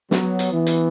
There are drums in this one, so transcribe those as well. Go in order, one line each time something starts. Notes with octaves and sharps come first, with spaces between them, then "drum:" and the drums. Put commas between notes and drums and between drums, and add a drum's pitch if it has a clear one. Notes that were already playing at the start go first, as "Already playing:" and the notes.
F#3 B3, drum: snare
drum: hi-hat
E3
drum: hi-hat